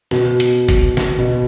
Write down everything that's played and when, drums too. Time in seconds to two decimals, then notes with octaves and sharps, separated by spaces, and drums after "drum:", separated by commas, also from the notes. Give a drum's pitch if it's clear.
0.11 B2, drum: snare
0.40 drum: hi-hat
0.68 drum: kick, hi-hat
0.97 drum: snare
1.19 B2